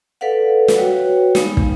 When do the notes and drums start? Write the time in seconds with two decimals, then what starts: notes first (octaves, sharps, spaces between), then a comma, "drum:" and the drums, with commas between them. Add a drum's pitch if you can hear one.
0.21 A4 B4 D5 F5 F#5
0.68 drum: snare
0.78 F#4 B4 C#5 G5
1.35 G#3 B3 D#4 F5, drum: snare
1.57 drum: kick